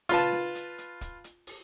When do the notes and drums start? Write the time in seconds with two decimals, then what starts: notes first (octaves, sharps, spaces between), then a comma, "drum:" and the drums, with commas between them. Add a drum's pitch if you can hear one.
0.09 F4 B4 A5, drum: hi-hat
0.32 drum: snare
0.55 drum: hi-hat
0.78 drum: hi-hat
1.01 drum: kick, hi-hat
1.24 drum: hi-hat
1.47 drum: open hi-hat